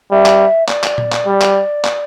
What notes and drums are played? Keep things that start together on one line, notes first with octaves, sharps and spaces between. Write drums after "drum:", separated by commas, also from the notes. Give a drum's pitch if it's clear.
G3 E5
drum: clap
D5, drum: clap
drum: clap
drum: tom A#2
drum: clap
G3
drum: clap
drum: clap